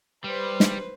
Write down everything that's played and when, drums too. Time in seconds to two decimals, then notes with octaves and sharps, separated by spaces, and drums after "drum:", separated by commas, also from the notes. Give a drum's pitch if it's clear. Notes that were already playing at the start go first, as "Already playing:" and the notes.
0.24 G3 B4 C5
0.60 drum: snare